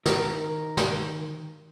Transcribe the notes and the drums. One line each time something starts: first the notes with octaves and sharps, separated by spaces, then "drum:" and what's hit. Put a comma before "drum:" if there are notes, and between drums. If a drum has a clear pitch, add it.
D#3 A#4, drum: snare
drum: snare